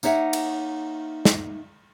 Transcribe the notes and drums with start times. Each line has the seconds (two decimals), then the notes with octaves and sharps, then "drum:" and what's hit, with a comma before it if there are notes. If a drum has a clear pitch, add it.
0.03 A#3 D#4 C#5 E5 F#5, drum: tambourine
0.33 drum: cymbal
1.25 drum: snare